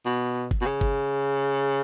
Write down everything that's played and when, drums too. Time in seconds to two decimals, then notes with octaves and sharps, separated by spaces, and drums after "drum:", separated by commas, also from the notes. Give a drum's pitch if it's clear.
0.06 B2
0.51 drum: kick G1
0.61 B2
0.66 C#3
0.81 drum: kick G1